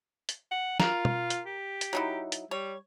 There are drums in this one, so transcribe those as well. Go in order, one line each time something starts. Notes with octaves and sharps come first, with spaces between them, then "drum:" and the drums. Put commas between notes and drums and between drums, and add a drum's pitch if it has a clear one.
drum: hi-hat
F#5
F4 A#4, drum: snare
drum: tom
drum: hi-hat
G4
drum: hi-hat
F#3 D#4 E4
drum: hi-hat
G3 C#5